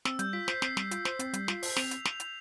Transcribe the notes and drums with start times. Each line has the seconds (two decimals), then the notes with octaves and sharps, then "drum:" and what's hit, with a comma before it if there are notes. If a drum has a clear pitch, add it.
0.05 C4 E6, drum: snare
0.19 G3 G6, drum: hi-hat
0.33 F4 B6
0.48 C5 C7, drum: snare
0.62 C4 C7, drum: snare
0.77 G3, drum: snare
0.91 F4, drum: hi-hat
1.05 C5, drum: snare
1.19 C4, drum: hi-hat
1.34 G3, drum: hi-hat
1.48 F4, drum: snare
1.63 C5, drum: open hi-hat
1.76 C4 F7, drum: snare
1.91 drum: hi-hat
2.05 drum: snare
2.20 drum: hi-hat